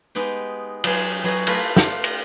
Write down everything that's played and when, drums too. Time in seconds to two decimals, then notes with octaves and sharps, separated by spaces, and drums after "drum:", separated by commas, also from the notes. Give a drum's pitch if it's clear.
0.15 G#3 B3 D#4 G4
0.84 F#3 B3 G#4 C6, drum: cymbal
1.24 F#3 B3 F#4 G#4 D#5
1.47 A3 E4 F4 A#4 B4, drum: cymbal
1.76 F4, drum: snare
2.04 drum: cymbal